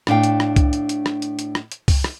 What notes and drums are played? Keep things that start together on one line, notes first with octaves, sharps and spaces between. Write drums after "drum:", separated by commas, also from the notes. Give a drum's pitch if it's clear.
A2 D4 F5 G5, drum: rim click
drum: hi-hat
drum: rim click
drum: kick C2, hi-hat
drum: hi-hat
drum: hi-hat
drum: rim click
drum: hi-hat
drum: hi-hat
drum: rim click
drum: hi-hat
drum: kick C2, open hi-hat
drum: rim click